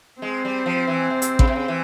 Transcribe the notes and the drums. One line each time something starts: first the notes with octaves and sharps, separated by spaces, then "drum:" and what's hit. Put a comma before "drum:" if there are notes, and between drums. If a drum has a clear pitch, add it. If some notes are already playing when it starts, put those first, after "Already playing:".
G#3 C4
G3
F3
E3
C3
drum: hi-hat
C#3, drum: kick
C3
C#3
E3